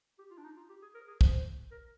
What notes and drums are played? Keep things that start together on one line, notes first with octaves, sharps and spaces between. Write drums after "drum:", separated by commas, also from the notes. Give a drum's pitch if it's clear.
G4
F4
D4
D#4
F4
G4
G#4
A#4
G#4
C5, drum: kick
A#4